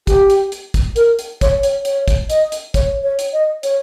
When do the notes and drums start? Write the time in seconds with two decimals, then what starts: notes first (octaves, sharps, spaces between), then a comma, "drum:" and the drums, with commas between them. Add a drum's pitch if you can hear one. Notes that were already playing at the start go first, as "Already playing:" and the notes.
0.07 G4, drum: kick, hi-hat
0.30 drum: hi-hat
0.52 drum: hi-hat
0.74 drum: kick, hi-hat
0.96 A#4, drum: hi-hat
1.19 drum: hi-hat
1.41 C#5, drum: kick, hi-hat
1.63 C#5, drum: hi-hat
1.85 C#5, drum: hi-hat
2.08 drum: kick, hi-hat
2.30 D#5, drum: hi-hat
2.52 drum: hi-hat
2.74 C#5, drum: kick, hi-hat
3.03 C#5
3.19 drum: hi-hat
3.33 D#5
3.63 C#5, drum: hi-hat